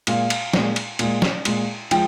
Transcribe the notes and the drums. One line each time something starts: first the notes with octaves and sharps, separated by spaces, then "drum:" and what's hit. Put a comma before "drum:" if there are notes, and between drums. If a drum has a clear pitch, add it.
A#2 G#3 F5, drum: cymbal
drum: cymbal
A#2 G#3, drum: snare
drum: cymbal
A#2 G#3, drum: cymbal
drum: snare
A#2 G#3, drum: cymbal
F3 G#3 G5, drum: cymbal